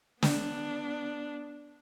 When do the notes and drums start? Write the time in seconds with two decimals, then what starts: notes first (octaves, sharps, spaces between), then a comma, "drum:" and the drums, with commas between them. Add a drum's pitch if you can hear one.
0.22 B3 D4, drum: snare